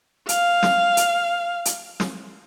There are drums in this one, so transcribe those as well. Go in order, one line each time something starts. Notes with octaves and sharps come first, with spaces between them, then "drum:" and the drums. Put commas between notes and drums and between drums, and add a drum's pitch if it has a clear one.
F5, drum: hi-hat
drum: snare
drum: hi-hat
drum: hi-hat
drum: snare